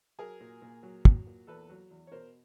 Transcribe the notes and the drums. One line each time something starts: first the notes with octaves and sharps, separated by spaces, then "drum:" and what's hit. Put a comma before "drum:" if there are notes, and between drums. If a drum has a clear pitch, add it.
F#3 G#4 A#4
A#2
A#2
F#3
F#3, drum: kick
A#2
E2 A4 B4
F#3
E2
C#5
B2 A#4 C5